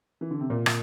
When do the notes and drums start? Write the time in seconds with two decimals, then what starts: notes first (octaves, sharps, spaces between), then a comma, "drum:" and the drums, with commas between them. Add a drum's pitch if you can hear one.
0.21 E3
0.31 D3
0.40 C3
0.50 A#2
0.66 drum: rim click